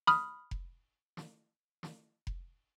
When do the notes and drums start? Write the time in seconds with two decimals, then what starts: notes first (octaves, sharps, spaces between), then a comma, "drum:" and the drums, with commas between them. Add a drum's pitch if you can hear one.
0.07 B5 D#6 F6, drum: snare
0.51 drum: kick F1
1.17 drum: snare
1.83 drum: snare
2.27 drum: kick F1